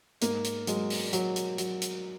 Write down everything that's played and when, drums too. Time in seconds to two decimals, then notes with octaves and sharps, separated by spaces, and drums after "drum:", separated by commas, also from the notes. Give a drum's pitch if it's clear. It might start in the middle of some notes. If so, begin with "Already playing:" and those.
0.21 G#2 A#3, drum: hi-hat
0.44 drum: hi-hat
0.67 F#3 G#3, drum: hi-hat
0.90 drum: open hi-hat
1.13 F#3, drum: hi-hat
1.36 drum: hi-hat
1.58 F#3, drum: hi-hat
1.82 drum: hi-hat